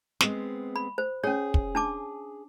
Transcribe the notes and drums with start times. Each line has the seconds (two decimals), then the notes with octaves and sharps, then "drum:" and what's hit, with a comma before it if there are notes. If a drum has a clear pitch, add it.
0.21 G#3 B3 C4, drum: snare
0.76 B5
0.98 C5
1.24 C#4 G#4 C#5
1.54 drum: kick
1.75 D4 A5 D6